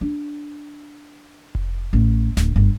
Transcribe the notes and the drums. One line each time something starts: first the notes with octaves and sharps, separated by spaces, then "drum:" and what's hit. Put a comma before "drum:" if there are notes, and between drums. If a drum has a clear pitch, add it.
D4
drum: kick F1
A1
D1, drum: snare
G1